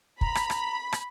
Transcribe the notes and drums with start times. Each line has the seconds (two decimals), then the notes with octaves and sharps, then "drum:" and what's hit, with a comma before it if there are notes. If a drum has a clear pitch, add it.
0.21 A#5 B5, drum: kick
0.35 drum: rim click
0.50 drum: rim click
0.93 drum: rim click